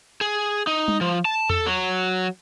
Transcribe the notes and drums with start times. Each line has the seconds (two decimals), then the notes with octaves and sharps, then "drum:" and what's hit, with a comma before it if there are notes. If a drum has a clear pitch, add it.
0.21 G#4
0.67 D#4
0.88 drum: tom G3
1.01 F3
1.25 A5
1.50 A4, drum: tom E2
1.66 F#3